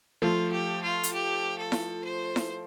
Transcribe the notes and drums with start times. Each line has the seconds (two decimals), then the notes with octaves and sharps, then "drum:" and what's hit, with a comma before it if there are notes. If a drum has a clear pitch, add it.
0.22 F3 A3 F4
0.52 G4
0.83 F4
1.03 drum: hi-hat
1.13 G4
1.58 A4
1.72 drum: snare E4
2.04 C5
2.36 drum: snare E4